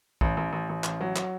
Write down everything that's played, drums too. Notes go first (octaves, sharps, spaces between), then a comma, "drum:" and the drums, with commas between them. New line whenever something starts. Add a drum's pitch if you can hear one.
A1, drum: kick
A1
A1
A1
A1, drum: clap
F#3
F#3, drum: clap